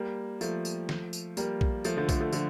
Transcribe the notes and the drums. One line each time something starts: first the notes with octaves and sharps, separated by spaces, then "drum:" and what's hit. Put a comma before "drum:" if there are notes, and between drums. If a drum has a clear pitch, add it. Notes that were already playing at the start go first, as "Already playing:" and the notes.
Already playing: G3 A#3
F3 A3, drum: tambourine
drum: tambourine
drum: snare
drum: tambourine
G3 A#3, drum: tambourine
drum: kick A#1
F3 A3, drum: tambourine
D3 F3
F3 A3, drum: kick A#1, tambourine
F3 A3
D3 F3, drum: tambourine